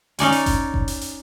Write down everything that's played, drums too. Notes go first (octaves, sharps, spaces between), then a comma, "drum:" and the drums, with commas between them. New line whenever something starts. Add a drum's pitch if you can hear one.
C#4 D#4 D5 G#5, drum: hi-hat
drum: hi-hat
drum: kick F#1, hi-hat
drum: kick F#1
drum: hi-hat
drum: hi-hat